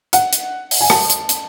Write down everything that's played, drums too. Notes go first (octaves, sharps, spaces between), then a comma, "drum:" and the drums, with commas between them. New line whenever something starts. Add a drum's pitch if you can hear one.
F#5, drum: hi-hat
drum: hi-hat
drum: open hi-hat
G#5
A5, drum: rim click
drum: hi-hat
drum: hi-hat